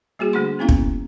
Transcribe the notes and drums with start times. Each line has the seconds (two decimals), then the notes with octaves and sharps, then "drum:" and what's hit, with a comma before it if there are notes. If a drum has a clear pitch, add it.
0.19 G3 A#3 F#4 G#4
0.33 D3 A3 D4 F#5 C6
0.59 A#3 B3 C#4 E4 F5 A#5
0.69 drum: kick